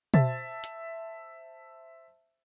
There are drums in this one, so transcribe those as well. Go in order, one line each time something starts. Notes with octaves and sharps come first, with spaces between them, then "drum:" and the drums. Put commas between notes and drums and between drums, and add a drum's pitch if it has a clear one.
C5 E5 A5 A6, drum: tom B2
drum: hi-hat